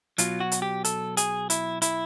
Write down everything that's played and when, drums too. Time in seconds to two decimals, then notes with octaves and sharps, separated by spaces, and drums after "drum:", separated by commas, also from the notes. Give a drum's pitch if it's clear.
0.18 B2 F#3 F4, drum: hi-hat
0.40 F#4
0.52 drum: hi-hat
0.62 G4
0.85 A4, drum: hi-hat
1.17 G#4, drum: hi-hat
1.50 E4, drum: hi-hat
1.82 E4, drum: hi-hat